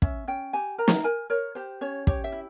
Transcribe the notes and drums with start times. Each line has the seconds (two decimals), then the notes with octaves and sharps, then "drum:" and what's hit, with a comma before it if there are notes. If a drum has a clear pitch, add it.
0.02 C#4 E5, drum: kick
0.28 C#4 G5
0.53 G4 G#5
0.78 A#4 A#5
0.88 drum: snare
1.04 A#4 G#5
1.30 A#4 C#5
1.55 G4 C5
1.81 C#4 C#5
2.07 G4 C#5, drum: kick
2.24 E5
2.32 E4